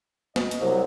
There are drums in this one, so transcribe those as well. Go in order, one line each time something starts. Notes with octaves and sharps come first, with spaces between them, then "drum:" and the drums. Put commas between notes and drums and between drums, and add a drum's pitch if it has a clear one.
D#5, drum: snare
drum: hi-hat
C2 C3 F#3